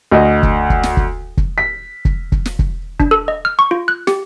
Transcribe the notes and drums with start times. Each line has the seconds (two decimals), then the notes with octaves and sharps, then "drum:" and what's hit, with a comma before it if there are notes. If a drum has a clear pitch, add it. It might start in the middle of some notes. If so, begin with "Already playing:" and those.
0.12 D2 D#5
0.43 drum: kick
0.70 drum: kick
0.83 drum: snare
0.97 drum: kick
1.37 drum: kick
1.58 B6
2.05 drum: kick
2.32 drum: kick
2.46 drum: snare
2.59 drum: kick
3.00 D4, drum: kick
3.11 A4
3.28 D#5
3.45 F6
3.59 C#6
3.71 F4
3.88 F#6
4.07 G4, drum: snare